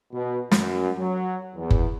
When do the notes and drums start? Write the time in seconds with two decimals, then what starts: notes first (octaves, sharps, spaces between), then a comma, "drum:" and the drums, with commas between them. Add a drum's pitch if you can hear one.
0.13 B2
0.51 F#2, drum: snare
0.98 F#3
1.55 E2
1.70 drum: kick F#1